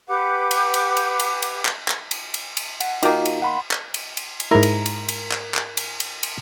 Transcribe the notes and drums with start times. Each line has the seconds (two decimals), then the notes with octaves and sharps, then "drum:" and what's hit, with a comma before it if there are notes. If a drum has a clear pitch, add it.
0.07 G4 B4 F#5 D6
0.51 drum: cymbal
0.74 drum: cymbal
0.97 drum: cymbal
1.20 drum: cymbal
1.42 drum: cymbal
1.65 drum: clap
1.88 drum: clap
2.11 drum: cymbal
2.34 drum: cymbal
2.57 drum: cymbal
2.80 F#5, drum: cymbal
3.03 D#3 A#3 D#4 F4 F#4, drum: cymbal
3.25 drum: cymbal
3.42 F#5 B5 C6
3.71 drum: clap
3.94 drum: cymbal
4.17 drum: cymbal
4.40 drum: cymbal
4.51 G#2 E4 A#4
4.63 drum: cymbal
4.86 drum: cymbal
5.09 drum: cymbal
5.31 drum: clap
5.54 drum: clap
5.77 drum: cymbal
6.00 drum: cymbal
6.23 drum: cymbal